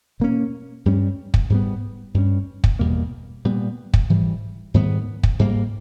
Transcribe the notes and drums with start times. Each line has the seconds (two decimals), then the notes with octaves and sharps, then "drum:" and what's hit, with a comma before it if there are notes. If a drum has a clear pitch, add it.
0.20 B2 A#3 C#4
0.85 G2 G3 C#4
1.34 drum: kick
1.50 G#2 G3 B3
2.14 G2 G3 C#4
2.64 drum: kick
2.79 E2 B2 G3 A#3
3.45 A#2 G3 B3
3.94 drum: kick
4.10 G#2 E3 G3
4.74 G#2 D#3 G3 B3
5.23 drum: kick
5.39 G#2 G3 A#3